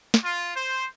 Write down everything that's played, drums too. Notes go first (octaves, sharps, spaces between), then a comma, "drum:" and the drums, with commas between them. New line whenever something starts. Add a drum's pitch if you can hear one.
drum: snare
F4
C5